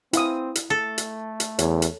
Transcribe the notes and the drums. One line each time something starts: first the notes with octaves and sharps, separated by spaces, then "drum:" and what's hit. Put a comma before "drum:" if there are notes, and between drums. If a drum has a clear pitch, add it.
C4 E4 F5 D#6, drum: hi-hat
drum: hi-hat
A3 A4
drum: hi-hat
drum: hi-hat
E2 C#5, drum: hi-hat
drum: hi-hat